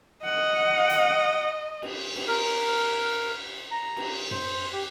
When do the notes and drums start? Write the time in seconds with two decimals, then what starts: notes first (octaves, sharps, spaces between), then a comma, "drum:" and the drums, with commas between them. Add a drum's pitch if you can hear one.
0.25 D#5 F#5
0.90 drum: hi-hat
1.82 drum: cymbal
2.15 drum: cymbal
2.28 A#4
3.71 A#5
3.96 drum: cymbal
4.31 C5, drum: tom F#2
4.73 G4